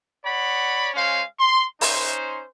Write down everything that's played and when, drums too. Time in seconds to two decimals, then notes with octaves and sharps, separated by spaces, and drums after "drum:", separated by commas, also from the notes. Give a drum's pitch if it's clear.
0.25 C#5 D5 F#5 B5
0.94 G#3 C#4 C5 F5
1.40 C6
1.81 C#4 D#4 C5, drum: open hi-hat